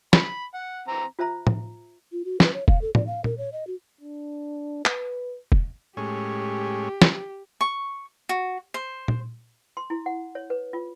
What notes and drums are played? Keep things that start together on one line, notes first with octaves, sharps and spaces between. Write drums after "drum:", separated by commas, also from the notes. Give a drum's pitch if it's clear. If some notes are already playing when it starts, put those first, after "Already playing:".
B5, drum: snare
F#5
E3 C4 A#5
F4 C5 E5 A#5
drum: tom A2
F4
F#4
B4, drum: snare
C#5
F5, drum: kick
A4
D5, drum: tom A2
F5
A#4, drum: tom A#2
C#5
D#5
F#4
D4
B4, drum: clap
drum: kick
A2 G#3 C#4 G4
drum: snare
C#6
F#4
C5
drum: tom A#2
C6
E4
F#5
C#5
B4
F4